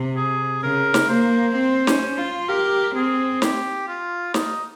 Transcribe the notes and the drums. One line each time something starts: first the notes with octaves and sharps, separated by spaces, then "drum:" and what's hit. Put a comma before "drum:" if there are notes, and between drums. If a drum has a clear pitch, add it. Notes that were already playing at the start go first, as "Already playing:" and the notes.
Already playing: C3
G#4
C#3 A#4
drum: snare
A#3 C5
C4
C#4, drum: snare
F4
G4 A#4
C4 G#4
G4, drum: snare
F4
D#4, drum: snare